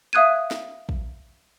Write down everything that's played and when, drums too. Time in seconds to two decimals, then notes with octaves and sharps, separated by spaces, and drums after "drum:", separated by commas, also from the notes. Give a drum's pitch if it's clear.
0.13 E5 F5 D#6 F#6 G#6 D#7
0.51 drum: snare
0.89 drum: kick